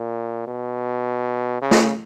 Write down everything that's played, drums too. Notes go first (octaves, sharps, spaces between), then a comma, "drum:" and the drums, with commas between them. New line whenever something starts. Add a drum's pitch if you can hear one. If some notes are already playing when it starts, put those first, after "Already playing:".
Already playing: A#2
B2
C#3
drum: snare